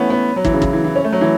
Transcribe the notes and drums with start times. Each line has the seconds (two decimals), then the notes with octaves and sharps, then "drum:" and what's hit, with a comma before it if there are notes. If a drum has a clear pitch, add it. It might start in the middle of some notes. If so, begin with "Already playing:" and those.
Already playing: E3 A3 B3 C#4
0.10 B3
0.36 F#3
0.45 E3, drum: kick
0.53 C#3
0.62 E3, drum: kick
0.73 E3
0.84 E3
0.96 C#4
1.04 A3
1.12 F#3
1.21 E3